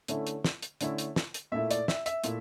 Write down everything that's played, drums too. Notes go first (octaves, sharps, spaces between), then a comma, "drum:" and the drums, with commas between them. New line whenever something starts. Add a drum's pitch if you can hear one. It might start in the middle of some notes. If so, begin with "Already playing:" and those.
D3 A3 C#4 E4, drum: hi-hat
drum: hi-hat
drum: snare
drum: hi-hat
D3 A3 C#4 E4, drum: hi-hat
drum: hi-hat
drum: snare
drum: hi-hat
A#2 A3 E4 E5
D5, drum: hi-hat
E5, drum: snare
E5, drum: hi-hat
A#2 A3 E4, drum: hi-hat